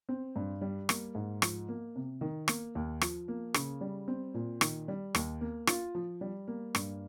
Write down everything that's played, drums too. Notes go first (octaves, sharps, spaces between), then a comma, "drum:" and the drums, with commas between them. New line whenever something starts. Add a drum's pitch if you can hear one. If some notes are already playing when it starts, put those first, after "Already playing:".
C4
G2
G3
A#3, drum: rim click
G#2
F3, drum: rim click
A#3
C3
D#3
A#3, drum: rim click
D#2
F3, drum: rim click
A#3
C#3, drum: rim click
G3
C4
A#2
D#3, drum: rim click
G3
D#2, drum: rim click
A#3
F4, drum: rim click
F3
G3
A#3
G2, drum: rim click